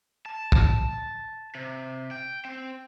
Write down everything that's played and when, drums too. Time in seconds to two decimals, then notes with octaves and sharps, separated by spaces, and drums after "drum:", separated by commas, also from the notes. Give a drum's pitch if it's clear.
0.26 A5
0.52 drum: kick
1.55 C3
2.11 G5
2.45 C4